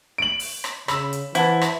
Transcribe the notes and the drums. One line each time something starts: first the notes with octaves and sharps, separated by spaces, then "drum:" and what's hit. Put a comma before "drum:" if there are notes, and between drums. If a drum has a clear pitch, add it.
D7 F#7
drum: open hi-hat
drum: rim click
C#3 B5 E6, drum: rim click
drum: hi-hat
E3 E4 C5 F#5 A5, drum: hi-hat
drum: rim click